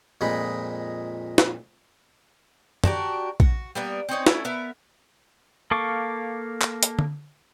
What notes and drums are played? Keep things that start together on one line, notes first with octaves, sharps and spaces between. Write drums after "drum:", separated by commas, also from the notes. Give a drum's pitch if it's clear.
F2 A#2 G#3 D#4 B5
drum: snare
D4 F#4 G4 A#4, drum: tom
F#4, drum: kick A#1
G3 A#3 B3
C4 C#4 D#4 C#5
A3 C#4 E4, drum: snare
B3 A#4 E5
A#3 A4 F5 C#6 D6
drum: clap
drum: hi-hat
drum: tom D3